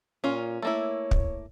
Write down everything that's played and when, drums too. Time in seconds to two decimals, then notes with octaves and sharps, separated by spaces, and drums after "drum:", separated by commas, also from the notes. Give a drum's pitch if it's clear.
0.24 A#2 C#4 F4
0.62 A3 A#3 E4 C#5
1.11 drum: kick